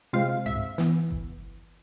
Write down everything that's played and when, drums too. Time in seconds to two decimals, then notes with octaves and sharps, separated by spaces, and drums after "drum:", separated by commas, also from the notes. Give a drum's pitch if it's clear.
0.13 C3 G#3 C4 F4 F5
0.46 E5, drum: tom G2
0.78 E3 B3, drum: snare
1.11 drum: kick G1